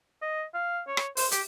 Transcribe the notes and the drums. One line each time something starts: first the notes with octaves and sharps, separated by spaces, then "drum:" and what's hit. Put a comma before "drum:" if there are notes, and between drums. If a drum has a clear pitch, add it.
D#5
F5
C#5
drum: rim click
C5, drum: open hi-hat
G4, drum: hi-hat